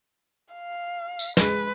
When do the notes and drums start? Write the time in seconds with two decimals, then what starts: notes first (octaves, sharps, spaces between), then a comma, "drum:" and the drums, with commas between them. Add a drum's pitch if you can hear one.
0.53 F5
1.19 drum: tambourine
1.37 G#3 B4, drum: snare